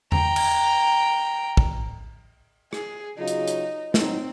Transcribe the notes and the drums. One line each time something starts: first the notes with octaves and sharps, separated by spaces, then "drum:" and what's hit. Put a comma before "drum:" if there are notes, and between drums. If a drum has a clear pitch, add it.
G5 A#5, drum: tom E2
drum: cymbal
drum: kick
G#4, drum: rim click
C#3 F#3 D#4 F4
drum: hi-hat
drum: hi-hat
F#3 C4 D#4, drum: snare